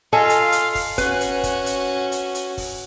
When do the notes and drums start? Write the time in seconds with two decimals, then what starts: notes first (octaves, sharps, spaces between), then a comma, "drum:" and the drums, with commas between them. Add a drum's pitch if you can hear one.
0.13 F4 A4 D#5 F5 G#5
0.29 drum: hi-hat
0.52 drum: hi-hat
0.75 drum: kick, open hi-hat
0.98 C#4 F#4 B4, drum: kick, hi-hat
1.21 drum: hi-hat
1.43 drum: kick, hi-hat
1.66 drum: hi-hat
2.12 drum: hi-hat
2.35 drum: hi-hat
2.58 drum: kick, open hi-hat